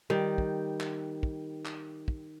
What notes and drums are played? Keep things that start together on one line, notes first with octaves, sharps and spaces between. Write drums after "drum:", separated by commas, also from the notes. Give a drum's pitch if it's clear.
D#3 G3
drum: kick
drum: clap
drum: kick
drum: clap
drum: kick